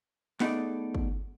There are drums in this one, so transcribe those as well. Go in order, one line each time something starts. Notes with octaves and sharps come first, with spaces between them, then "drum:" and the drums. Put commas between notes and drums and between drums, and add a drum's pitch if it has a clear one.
A3 B3 D#4 G#4 A4 D5, drum: snare
drum: kick